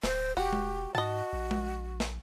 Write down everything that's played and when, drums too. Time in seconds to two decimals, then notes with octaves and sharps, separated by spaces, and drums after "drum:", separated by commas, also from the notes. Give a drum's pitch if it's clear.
0.03 D1 C5, drum: snare
0.37 E1 F#4 G4
0.53 drum: tom G#3
0.95 G#2 F#4 D#5 A5
1.33 A#1
1.51 drum: tom G#3
2.00 drum: snare